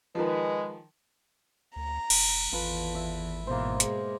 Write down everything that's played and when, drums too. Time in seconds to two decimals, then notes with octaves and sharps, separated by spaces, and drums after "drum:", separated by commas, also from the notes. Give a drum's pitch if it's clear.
0.15 D#3 F3 G#3 B4
1.76 D2 A#5
2.10 E1, drum: cymbal
2.52 G#1 E2 F4 A4 B4
2.95 E5
3.47 G#2 B2 E3 A#3 C5
3.80 G#3, drum: hi-hat